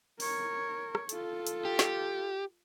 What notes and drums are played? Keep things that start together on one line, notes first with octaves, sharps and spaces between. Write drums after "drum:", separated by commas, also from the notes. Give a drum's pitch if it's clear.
A#4 C#5, drum: open hi-hat
drum: rim click
F4 A4, drum: hi-hat
drum: hi-hat
G4
drum: snare